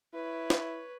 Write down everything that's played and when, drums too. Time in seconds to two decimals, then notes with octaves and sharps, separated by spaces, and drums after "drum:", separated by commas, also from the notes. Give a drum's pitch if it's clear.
0.14 E4 B4 C#5
0.50 drum: snare